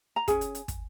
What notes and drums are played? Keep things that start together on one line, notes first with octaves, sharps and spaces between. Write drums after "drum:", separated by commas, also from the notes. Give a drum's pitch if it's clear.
A#5
C#4 G#4 G#5, drum: kick, hi-hat
drum: hi-hat
drum: hi-hat
drum: kick, hi-hat